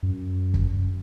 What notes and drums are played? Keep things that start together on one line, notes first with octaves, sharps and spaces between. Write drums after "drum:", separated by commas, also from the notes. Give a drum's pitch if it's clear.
F#2
drum: kick